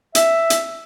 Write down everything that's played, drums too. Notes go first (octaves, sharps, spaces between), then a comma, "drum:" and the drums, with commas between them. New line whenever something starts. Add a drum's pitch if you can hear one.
E5, drum: hi-hat
drum: hi-hat